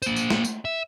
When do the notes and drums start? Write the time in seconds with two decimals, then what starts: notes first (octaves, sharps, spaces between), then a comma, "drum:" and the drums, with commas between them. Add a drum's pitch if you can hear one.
0.02 A#3 C5, drum: tambourine
0.16 drum: tambourine
0.30 drum: snare
0.45 drum: tambourine
0.65 E5